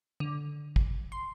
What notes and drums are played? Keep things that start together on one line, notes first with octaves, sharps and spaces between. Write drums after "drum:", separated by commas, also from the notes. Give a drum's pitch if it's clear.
D3
drum: kick
C6